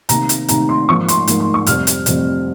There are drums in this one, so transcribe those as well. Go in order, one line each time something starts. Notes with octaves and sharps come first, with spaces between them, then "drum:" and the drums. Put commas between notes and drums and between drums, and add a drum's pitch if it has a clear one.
C3 D#3 A#3 A#5, drum: hi-hat
drum: hi-hat
C3 D#3 A#3 A#5, drum: hi-hat
C6
G#2 F3 A#3 C#6
C6, drum: hi-hat
G#2 F3 A#3, drum: hi-hat
C6
C#6
F2 C3 G3 C4 F6, drum: hi-hat
drum: hi-hat
F2 C3 G3 C4, drum: hi-hat